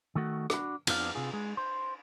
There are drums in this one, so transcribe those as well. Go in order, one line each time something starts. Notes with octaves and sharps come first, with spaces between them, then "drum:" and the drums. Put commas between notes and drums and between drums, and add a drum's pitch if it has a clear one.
D#3 A3 F#4
D4 F#4 B5, drum: rim click
F2 F3 B3 D4 F5, drum: cymbal
C3 F4 G#4
G#3
C5